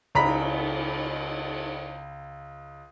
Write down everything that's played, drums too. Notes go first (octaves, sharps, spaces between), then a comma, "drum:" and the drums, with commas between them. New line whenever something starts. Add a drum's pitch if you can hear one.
C#2 A#5 B5 B6, drum: cymbal